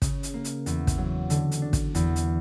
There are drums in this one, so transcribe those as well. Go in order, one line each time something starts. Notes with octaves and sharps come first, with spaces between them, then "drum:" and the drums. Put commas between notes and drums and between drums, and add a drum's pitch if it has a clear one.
C#3, drum: kick, hi-hat
drum: hi-hat
A#3
drum: hi-hat
E2, drum: hi-hat
drum: kick, hi-hat
F#3
D3, drum: hi-hat
drum: hi-hat
D4
drum: kick, hi-hat
E2, drum: hi-hat
drum: hi-hat